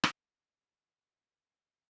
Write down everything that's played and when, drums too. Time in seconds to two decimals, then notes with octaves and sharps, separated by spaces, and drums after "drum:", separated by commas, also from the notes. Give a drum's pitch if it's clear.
0.04 drum: rim click
0.23 A#2 F#3 G#3 C4 G4
0.60 A#2 C#3 A3 C#4 F#4 C5
0.77 D#3 F3
1.32 F#3 D4 F4 F#4
1.61 A#1 A2 C4 E5 D7